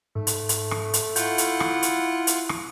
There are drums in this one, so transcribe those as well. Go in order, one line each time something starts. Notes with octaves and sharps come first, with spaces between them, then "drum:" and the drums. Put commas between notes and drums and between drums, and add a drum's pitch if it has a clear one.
G#2 A3
drum: hi-hat
drum: hi-hat
drum: rim click
drum: hi-hat
E4 F4 F#5 G6, drum: hi-hat
drum: hi-hat
drum: rim click
drum: hi-hat
drum: hi-hat
drum: rim click